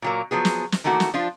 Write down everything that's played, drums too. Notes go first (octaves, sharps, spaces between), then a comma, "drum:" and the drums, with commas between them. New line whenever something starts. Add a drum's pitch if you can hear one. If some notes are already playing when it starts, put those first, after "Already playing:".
A#2 F#3 A#3
F3 F#3 B3 G#4
drum: snare
drum: snare
D#3 E3 A3 A#3 F#4
drum: snare
F3 D4 F4